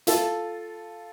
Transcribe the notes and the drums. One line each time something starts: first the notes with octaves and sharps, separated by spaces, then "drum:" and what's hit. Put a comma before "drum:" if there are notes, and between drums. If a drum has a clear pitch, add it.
F4 A4, drum: hi-hat